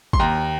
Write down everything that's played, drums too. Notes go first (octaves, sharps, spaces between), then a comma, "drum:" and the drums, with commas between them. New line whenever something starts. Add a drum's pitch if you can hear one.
C6, drum: kick
D#2 A#5